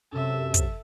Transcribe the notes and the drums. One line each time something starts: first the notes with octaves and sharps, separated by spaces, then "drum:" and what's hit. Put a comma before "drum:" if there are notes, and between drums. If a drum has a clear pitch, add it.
F#2 C3 A4 E5
drum: kick, hi-hat